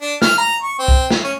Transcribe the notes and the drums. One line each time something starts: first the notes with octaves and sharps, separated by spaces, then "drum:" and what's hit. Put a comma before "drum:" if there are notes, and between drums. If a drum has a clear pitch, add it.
D4
F6, drum: snare
A#5
C#6
C4
drum: kick
drum: snare
C#4